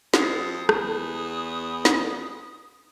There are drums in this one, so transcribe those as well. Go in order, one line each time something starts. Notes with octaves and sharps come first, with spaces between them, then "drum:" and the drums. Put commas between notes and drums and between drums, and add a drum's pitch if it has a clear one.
F2 D#6, drum: snare
E2 D#6, drum: rim click
drum: snare